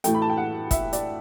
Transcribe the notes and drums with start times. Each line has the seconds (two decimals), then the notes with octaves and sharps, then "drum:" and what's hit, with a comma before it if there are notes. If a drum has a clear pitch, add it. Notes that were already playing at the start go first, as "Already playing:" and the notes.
0.04 A2 E3 A3 G5, drum: hi-hat
0.14 B5
0.22 A5
0.30 G5
0.37 F#5
0.71 E5, drum: kick, hi-hat
0.93 D5, drum: hi-hat